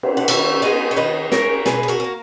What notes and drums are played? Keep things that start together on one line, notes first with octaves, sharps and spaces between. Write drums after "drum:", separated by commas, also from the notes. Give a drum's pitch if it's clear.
drum: cymbal
F#5
D#3 C#5 E5, drum: cymbal
G#3 B3 D#5 F#5
C#5
D#3 B4 D#5
G#3 C#4 A#4 C#5, drum: snare
B2 G#4 B4, drum: snare
B4
F#4 A#4
C#4
A#3